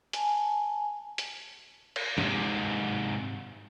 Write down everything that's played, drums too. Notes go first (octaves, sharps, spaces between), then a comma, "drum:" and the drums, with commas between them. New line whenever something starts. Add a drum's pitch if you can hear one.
G#5 A5, drum: hi-hat
drum: hi-hat
drum: cymbal
G#2 C3, drum: snare